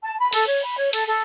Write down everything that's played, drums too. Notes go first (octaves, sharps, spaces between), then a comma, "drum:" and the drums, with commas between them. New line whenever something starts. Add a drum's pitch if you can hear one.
A5
B5
A4, drum: cymbal
C#5
B5
C#5
A4, drum: cymbal
A4